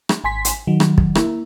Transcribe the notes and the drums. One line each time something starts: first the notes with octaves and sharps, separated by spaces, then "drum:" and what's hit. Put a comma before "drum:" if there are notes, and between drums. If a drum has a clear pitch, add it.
drum: rim click
G#1 G#5 C6 B6
drum: hi-hat
D#3 F#3
drum: rim click
drum: kick
A#3 E4, drum: rim click